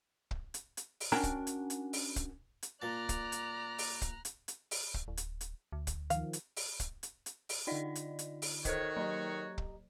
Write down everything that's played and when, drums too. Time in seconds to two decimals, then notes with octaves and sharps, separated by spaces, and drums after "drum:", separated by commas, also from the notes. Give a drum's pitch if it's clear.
0.31 drum: kick
0.54 drum: hi-hat
0.77 drum: hi-hat
1.00 drum: open hi-hat
1.12 C#4 D4 F#4 A#4 G5 A#5
1.24 drum: kick, hi-hat
1.47 drum: hi-hat
1.70 drum: hi-hat
1.93 drum: open hi-hat
2.16 drum: kick, hi-hat
2.63 drum: hi-hat
2.82 A#2 D5 A5 A#5 F6 F#6
3.09 drum: kick, hi-hat
3.32 drum: hi-hat
3.78 drum: open hi-hat
4.02 drum: kick, hi-hat
4.25 drum: hi-hat
4.48 drum: hi-hat
4.71 drum: open hi-hat
4.94 drum: kick
5.08 D1
5.17 drum: hi-hat
5.41 drum: hi-hat
5.72 D2
5.87 drum: kick, hi-hat
6.10 D#3 F3 F5, drum: hi-hat
6.33 drum: hi-hat
6.56 drum: open hi-hat
6.80 drum: kick, hi-hat
7.03 drum: hi-hat
7.26 drum: hi-hat
7.49 drum: open hi-hat
7.67 D3 D#4 F4 D5 D#5
7.95 drum: hi-hat
8.19 drum: hi-hat
8.42 drum: open hi-hat
8.65 D#3 F#4 A4 C5 C#5 D#5, drum: kick, hi-hat
8.97 F#3 G4 D#5 A#5
9.58 drum: kick